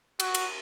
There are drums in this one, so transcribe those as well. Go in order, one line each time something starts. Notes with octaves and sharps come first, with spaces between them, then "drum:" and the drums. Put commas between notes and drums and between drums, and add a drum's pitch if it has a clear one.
F#4, drum: cymbal
drum: cymbal